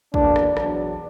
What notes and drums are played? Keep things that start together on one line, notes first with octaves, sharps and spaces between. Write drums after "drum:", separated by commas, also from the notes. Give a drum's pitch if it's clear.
E2 B2 A#3 D4, drum: kick
drum: rim click
E2 B2 F#3 D4, drum: rim click